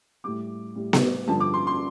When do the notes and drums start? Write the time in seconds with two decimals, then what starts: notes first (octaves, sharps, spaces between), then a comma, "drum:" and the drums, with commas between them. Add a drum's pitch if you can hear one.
0.24 A2 G3 D6
0.75 A2 G3
0.93 drum: snare B3
1.28 G2 D3 F3 A5
1.40 D6
1.54 C6
1.67 C6